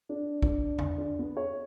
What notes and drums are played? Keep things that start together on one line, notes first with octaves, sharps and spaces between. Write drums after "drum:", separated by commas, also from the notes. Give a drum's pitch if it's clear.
D4
D4, drum: kick
drum: tom E2
D4
B3
C#5